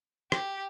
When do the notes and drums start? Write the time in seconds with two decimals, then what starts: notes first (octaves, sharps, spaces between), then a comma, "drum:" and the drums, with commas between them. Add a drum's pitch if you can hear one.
0.32 G4, drum: rim click